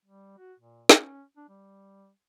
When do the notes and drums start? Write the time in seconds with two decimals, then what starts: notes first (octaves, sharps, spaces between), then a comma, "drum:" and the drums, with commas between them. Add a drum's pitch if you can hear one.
0.05 G3
0.38 F#4
0.60 A#2
0.89 C#4, drum: snare
1.36 D4
1.49 G3